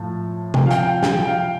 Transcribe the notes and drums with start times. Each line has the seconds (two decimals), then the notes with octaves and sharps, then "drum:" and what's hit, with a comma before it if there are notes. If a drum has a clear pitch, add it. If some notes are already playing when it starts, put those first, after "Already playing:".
Already playing: A2 F3 A5
0.54 C3 F3 G5, drum: tom
0.66 F5
0.71 G5, drum: hi-hat
0.83 G5
0.86 F5
1.03 G5, drum: snare
1.22 G5
1.28 F5